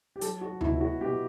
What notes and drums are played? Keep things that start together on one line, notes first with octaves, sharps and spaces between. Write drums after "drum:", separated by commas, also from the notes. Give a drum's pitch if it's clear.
G4
F#3 A4, drum: hi-hat
F#4
B2 E4, drum: tom D2
E4
F#4
B2 G4